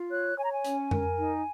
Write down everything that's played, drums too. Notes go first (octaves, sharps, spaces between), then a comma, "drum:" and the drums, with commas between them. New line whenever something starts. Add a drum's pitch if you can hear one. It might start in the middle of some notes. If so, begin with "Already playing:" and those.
Already playing: F4
C#5 F#6
C#5 G#5
A#5
G#5
C#4, drum: hi-hat
A#4, drum: tom F2
D#4